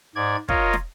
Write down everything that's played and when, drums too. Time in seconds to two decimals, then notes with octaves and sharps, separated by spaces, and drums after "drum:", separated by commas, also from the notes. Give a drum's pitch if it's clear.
0.16 G#2 D5 G#6
0.49 F4 A#4 C#5 D#5 F5, drum: kick
0.73 drum: snare